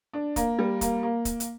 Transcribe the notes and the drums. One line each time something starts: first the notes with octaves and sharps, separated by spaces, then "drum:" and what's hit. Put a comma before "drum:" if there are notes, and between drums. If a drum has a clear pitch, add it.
D4
A#3, drum: kick, hi-hat
G3
A#3, drum: kick, hi-hat
A#3
drum: kick, hi-hat
drum: hi-hat